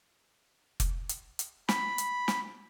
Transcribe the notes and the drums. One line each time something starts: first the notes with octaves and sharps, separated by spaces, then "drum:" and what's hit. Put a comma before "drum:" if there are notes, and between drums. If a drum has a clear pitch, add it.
drum: kick F1, hi-hat
drum: hi-hat
drum: hi-hat
B5, drum: snare
drum: hi-hat
drum: snare